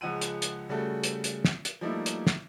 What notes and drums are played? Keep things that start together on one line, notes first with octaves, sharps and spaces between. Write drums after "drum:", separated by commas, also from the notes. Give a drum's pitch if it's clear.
C#2 F3 G#3 F#5 E6 D#7
drum: hi-hat
drum: hi-hat
C#3 G3 A3 F#4 A4
drum: hi-hat
drum: hi-hat
drum: snare
drum: hi-hat
F3 G3 A3 A#3 D#4 E4
drum: hi-hat
drum: snare